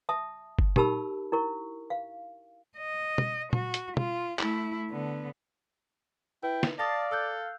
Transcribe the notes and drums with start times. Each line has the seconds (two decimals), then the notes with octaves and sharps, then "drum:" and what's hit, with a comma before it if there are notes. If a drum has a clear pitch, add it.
0.09 E5 A5 D#6
0.59 drum: kick F#1
0.76 D#4 G4 A#4 A5 B5 E6, drum: tom A#2
1.32 E4 A#4 C#6
1.90 F5
2.78 D#5
3.18 drum: tom
3.53 F#4, drum: tom A#2
3.74 drum: hi-hat
3.97 F4, drum: tom
4.39 A3 E4, drum: clap
4.91 D3 B3
6.43 E4 B4 G5
6.63 drum: snare
6.79 D5 F5 A5 D#6 A6 A#6
7.11 A4 E6 F#6 G6